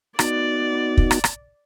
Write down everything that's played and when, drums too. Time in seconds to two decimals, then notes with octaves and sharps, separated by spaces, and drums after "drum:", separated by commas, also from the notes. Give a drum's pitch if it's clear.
0.19 B3 D#4 F#4 D5, drum: rim click
0.97 drum: kick
1.11 drum: rim click
1.24 drum: rim click